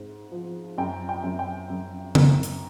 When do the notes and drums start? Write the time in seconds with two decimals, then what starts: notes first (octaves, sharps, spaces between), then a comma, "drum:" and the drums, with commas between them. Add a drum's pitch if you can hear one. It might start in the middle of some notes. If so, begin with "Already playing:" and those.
Already playing: G#2
0.32 F3
0.78 F#2 G5
1.09 G5
1.23 F#2
1.39 G5
1.70 F#2
2.15 F#2, drum: tom C#3
2.43 drum: hi-hat